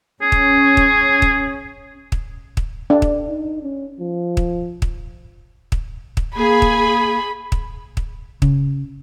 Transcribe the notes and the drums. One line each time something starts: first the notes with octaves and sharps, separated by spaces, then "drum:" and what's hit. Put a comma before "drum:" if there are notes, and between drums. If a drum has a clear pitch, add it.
C#4 G#4
drum: kick
drum: kick
drum: kick
drum: kick
drum: kick
D4
drum: kick
D#4
C#4
F3
drum: kick
drum: kick
drum: kick
drum: kick
A#3 G#4 G#5 B5
drum: kick
drum: kick
drum: kick
C#3, drum: kick